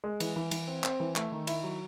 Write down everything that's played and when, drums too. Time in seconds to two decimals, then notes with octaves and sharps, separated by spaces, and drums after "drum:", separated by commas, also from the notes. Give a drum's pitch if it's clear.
0.04 G#3
0.20 E3, drum: cymbal
0.36 E3
0.51 E3, drum: cymbal
0.67 C4
0.84 C4, drum: clap
1.00 E3
1.16 A3, drum: clap
1.32 D#3
1.47 E4, drum: cymbal
1.63 F#3